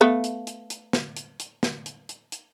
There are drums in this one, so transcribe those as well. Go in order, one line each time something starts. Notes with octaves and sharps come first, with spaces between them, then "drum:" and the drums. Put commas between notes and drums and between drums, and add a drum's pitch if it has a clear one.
A3 B3 F5
drum: hi-hat
drum: hi-hat
drum: hi-hat
drum: snare
drum: hi-hat
drum: hi-hat
drum: snare
drum: hi-hat
drum: hi-hat
drum: hi-hat